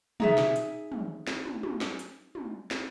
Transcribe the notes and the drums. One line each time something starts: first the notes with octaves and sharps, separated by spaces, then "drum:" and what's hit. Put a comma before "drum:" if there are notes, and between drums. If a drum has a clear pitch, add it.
D#4 G#4 E5, drum: tom
drum: snare
drum: hi-hat
drum: tom
drum: snare
drum: tom
drum: tom
drum: snare
drum: hi-hat
drum: tom
drum: snare